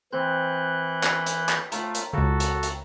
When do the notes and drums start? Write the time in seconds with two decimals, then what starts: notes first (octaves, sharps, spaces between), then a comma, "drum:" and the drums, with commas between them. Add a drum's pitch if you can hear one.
0.12 E3 C4 F#6 G6
1.03 drum: clap
1.26 drum: hi-hat
1.49 drum: clap
1.72 A3 F4 A#5 B5, drum: hi-hat
1.94 drum: hi-hat
2.13 C#2 C#3 F#4 A4
2.40 drum: hi-hat
2.63 drum: hi-hat